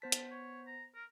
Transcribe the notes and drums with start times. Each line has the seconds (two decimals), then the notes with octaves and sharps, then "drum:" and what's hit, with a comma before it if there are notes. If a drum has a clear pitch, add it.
0.02 B3 C5 A5 B6
0.12 drum: hi-hat
0.31 C#5
0.67 A#5
0.95 A#4